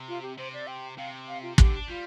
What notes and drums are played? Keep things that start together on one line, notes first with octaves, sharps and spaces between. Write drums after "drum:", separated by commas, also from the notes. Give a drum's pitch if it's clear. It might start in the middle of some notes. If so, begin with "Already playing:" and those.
Already playing: C3
F4
G4
C3 C5
D5
G5
C3 F5
F5
F4
D3 G4, drum: kick
D4
G3 F4